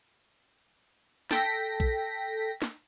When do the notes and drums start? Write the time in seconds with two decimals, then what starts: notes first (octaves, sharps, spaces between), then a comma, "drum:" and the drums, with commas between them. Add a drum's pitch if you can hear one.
1.31 A4 G5 A#6 B6, drum: snare
1.80 drum: kick A#1
2.62 drum: snare